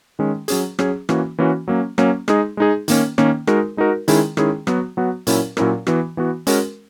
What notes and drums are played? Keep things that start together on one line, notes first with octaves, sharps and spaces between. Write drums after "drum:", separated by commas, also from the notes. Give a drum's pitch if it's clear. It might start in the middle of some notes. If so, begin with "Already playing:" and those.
D#3 G#3 C#4
F#3 C#4 G#4, drum: hi-hat
F#3 C#4 G#4, drum: rim click
E3 A#3 C#4 F#4, drum: rim click
E3 A#3 C#4 F#4
F#3 A#3 C#4
F#3 A#3 C#4, drum: rim click
G#3 D#4 G#4, drum: rim click
G#3 D#4 G#4
D#3 A#3 C#4, drum: hi-hat
D#3 A#3 C#4, drum: rim click
G#3 D#4 F#4 A#4, drum: rim click
G#3 D#4 F#4 A#4
D#3 G#3 C#4 E4 G#4, drum: hi-hat
D#3 G#3 C#4 E4 G#4, drum: rim click
F#3 B3 F#4, drum: rim click
F#3 B3 F#4
A#2 F#3 C#4 E4 A#4, drum: hi-hat
A#2 F#3 C#4 E4 A#4, drum: rim click
E3 B3 F#4, drum: rim click
E3 B3 F#4
G#3 C#4 F#4 A#4, drum: hi-hat